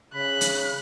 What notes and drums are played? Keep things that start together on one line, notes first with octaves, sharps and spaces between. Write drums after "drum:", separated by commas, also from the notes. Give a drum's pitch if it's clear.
C#3 B5 F#6
drum: hi-hat